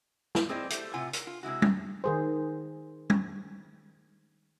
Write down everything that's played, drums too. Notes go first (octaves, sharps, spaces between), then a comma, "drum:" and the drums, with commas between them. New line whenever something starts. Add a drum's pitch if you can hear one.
drum: snare
G3 C4 G#4 C5 D5 D#5
A3 G4 C5, drum: hi-hat
A2 C3 F4 F#5 G#5
A#4, drum: hi-hat
F4
C3 G#3 E4 F#4
drum: tom G3
D#3 G#4 C5
drum: tom G3